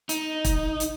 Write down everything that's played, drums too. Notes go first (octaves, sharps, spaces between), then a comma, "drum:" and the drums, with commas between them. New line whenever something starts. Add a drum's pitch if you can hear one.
D#4, drum: hi-hat
drum: kick, hi-hat
drum: hi-hat